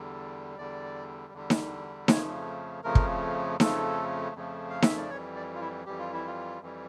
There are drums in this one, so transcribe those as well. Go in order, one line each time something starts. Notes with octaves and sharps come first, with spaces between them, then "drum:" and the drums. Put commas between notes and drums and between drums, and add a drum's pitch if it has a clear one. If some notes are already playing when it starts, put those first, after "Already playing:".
Already playing: E2 D3 G3
E2 D3 G3 D5
E2 D3 G3
drum: snare D#4
F2 C#3 F3 A3 C#5, drum: snare D#4
F2 C#3 F3 A3 A#4
drum: kick
F2 C#3 F3 A3 A4, drum: snare D#4
F2 C#3 F3 A3
F5
E5, drum: snare D#4
D5
F2 E3 G3 C#5
D5
F4
E4
F2 E3 G3 G4
F4
E4
F4
F2 E3 G3